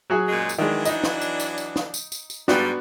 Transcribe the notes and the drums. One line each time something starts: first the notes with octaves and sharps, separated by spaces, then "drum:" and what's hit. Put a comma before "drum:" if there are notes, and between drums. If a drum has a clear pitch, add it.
F#3 F#4 G#4
F#2 A#2 G#3
drum: tambourine
D#3 E3 F#3 G#3 D4
D#4 D#5, drum: tambourine
drum: snare
drum: tambourine
drum: tambourine
drum: tambourine
drum: snare
drum: tambourine
drum: tambourine
drum: tambourine
G#2 G3 B3 D4 F#4, drum: snare